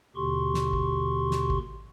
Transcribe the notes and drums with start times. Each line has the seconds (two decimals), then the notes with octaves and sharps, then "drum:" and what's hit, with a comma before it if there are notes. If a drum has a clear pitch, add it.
0.16 D#2 B2 D3 G4 C6 C#6
0.54 drum: snare
0.73 drum: kick G#1
1.31 drum: snare
1.50 drum: kick G#1